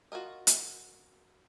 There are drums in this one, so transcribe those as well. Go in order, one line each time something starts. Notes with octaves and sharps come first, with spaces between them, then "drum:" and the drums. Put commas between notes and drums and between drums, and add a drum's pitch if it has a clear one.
F4 F#4 G#4 A#4 D#5
drum: hi-hat